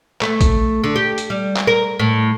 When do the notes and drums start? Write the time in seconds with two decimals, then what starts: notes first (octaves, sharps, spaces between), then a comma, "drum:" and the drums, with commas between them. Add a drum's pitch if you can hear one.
0.21 A3, drum: clap
0.41 drum: kick A#1, hi-hat
0.84 D3
0.96 G4
1.18 drum: hi-hat
1.30 G3
1.56 drum: clap
1.67 A#4
1.99 A2